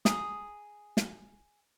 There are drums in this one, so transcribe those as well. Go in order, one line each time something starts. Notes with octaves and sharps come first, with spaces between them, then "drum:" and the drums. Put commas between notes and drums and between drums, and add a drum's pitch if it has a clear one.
G#4 A#5 D#6, drum: snare
drum: snare